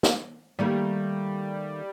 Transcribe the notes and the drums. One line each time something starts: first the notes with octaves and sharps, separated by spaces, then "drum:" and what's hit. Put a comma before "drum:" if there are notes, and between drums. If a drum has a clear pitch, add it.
drum: snare
D#3 G3 A3 A#3